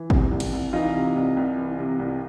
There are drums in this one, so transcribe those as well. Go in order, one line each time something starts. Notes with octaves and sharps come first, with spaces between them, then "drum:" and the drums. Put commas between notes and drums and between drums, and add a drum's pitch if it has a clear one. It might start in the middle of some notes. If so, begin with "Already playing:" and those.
Already playing: E3
C3, drum: kick G#1
C2
drum: cymbal
C2
E3 D#4 F4
C3
C2
C2
E3
C3
C2